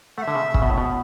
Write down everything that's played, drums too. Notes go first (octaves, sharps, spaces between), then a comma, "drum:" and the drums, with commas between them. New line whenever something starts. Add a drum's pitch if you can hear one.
A3 F#5
E5
D3
C#3
C#3, drum: kick
B2
A2
B2